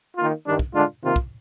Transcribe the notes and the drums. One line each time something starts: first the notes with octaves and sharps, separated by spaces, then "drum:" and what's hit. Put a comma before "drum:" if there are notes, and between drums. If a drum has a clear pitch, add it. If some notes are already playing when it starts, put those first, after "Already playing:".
D#3 A#3 F4
G2 D#3 G3 D4
drum: kick
D3 G#3 D4 F4
C3 D#3 A#3 F4
drum: kick